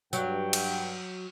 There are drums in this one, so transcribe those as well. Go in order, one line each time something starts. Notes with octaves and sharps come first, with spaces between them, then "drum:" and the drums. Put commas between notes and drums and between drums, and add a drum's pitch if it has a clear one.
G2 F#3 G5, drum: tambourine
drum: cymbal